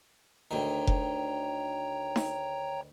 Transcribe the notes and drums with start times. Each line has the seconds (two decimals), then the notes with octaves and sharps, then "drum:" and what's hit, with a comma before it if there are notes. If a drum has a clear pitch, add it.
0.51 D2 D#3 C#5 G5 A#5
0.87 drum: kick F1
2.16 drum: snare D#4